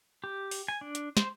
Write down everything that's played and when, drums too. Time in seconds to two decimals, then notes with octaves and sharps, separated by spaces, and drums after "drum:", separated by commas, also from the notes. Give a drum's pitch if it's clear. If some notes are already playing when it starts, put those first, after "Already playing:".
0.24 G4
0.51 drum: open hi-hat
0.68 G#5
0.81 D4
0.95 drum: hi-hat
1.17 C5, drum: snare